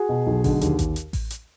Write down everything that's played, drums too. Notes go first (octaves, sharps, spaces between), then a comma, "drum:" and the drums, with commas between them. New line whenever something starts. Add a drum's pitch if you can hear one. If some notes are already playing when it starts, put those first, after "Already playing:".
Already playing: F#4 G#4
B2
B1
D3, drum: kick A1, open hi-hat
D#2, drum: hi-hat
drum: kick A1, hi-hat
drum: hi-hat
drum: kick A1, open hi-hat
drum: hi-hat